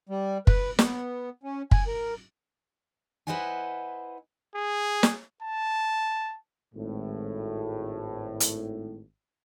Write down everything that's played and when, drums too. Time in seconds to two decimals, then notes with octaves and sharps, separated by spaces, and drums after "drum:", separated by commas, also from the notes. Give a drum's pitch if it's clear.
0.09 G3
0.47 B4, drum: kick
0.79 B3, drum: snare
1.43 C#4
1.71 G#5, drum: kick
1.87 A#4
3.27 E4 B4 C5 D#5 F#5 G#5
4.55 G#4
5.03 drum: snare
5.43 A5
6.75 G#1 A2
8.40 drum: hi-hat